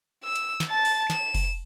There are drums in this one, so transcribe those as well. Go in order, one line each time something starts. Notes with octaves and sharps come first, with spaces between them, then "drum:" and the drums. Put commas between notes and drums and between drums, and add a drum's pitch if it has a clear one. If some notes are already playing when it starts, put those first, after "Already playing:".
E6
drum: hi-hat
drum: snare
A5 A6
drum: open hi-hat
E7, drum: snare
drum: kick F1, open hi-hat